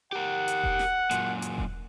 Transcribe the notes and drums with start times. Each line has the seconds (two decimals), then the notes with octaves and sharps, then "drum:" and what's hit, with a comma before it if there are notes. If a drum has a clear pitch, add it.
0.13 G4 A#4 F#5
0.48 drum: hi-hat
0.64 drum: kick E1
0.79 drum: snare
1.11 F#2 A#2, drum: hi-hat
1.42 drum: hi-hat
1.58 drum: kick E1